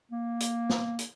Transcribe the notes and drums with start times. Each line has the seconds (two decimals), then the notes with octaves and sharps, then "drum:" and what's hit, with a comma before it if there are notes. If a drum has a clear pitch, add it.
0.11 A#3
0.40 drum: hi-hat
0.69 drum: snare
0.99 drum: hi-hat